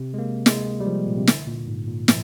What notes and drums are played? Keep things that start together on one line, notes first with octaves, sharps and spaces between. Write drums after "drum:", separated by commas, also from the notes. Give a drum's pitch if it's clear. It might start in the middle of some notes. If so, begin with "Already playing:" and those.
Already playing: C3
G#3
A#3
G#3, drum: snare
G3
F3
A#2
C3
D3, drum: snare
A#2
G#2
A#2
F3, drum: snare